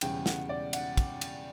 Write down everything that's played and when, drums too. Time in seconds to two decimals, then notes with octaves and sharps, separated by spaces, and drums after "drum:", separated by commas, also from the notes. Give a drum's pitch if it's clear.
0.01 E1 E2 C#3 G3 G5, drum: cymbal
0.26 F#5, drum: snare
0.49 D5
0.73 F#5, drum: cymbal
0.97 drum: kick, cymbal
1.21 drum: cymbal